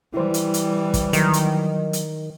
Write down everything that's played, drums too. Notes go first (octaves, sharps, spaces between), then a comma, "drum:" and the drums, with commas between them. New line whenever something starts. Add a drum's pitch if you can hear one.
E3 G3 E4 C5
drum: hi-hat
drum: hi-hat
drum: kick, hi-hat
D#3 F#3, drum: hi-hat
drum: hi-hat
drum: hi-hat